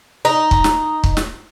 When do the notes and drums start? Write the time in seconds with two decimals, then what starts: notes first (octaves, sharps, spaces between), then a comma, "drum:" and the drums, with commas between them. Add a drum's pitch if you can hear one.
0.25 D#4
0.51 drum: kick
0.64 drum: snare
1.04 drum: kick
1.17 drum: snare